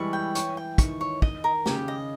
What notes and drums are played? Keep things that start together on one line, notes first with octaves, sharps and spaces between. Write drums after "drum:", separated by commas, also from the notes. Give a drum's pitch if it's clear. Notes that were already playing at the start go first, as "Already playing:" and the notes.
Already playing: E3 G3 G#3 E4 C#6
G5
C#5, drum: hi-hat
G5
D#3 C#6, drum: kick, hi-hat
C#5
D#5, drum: kick
A#4
C#3 G4, drum: snare
D#5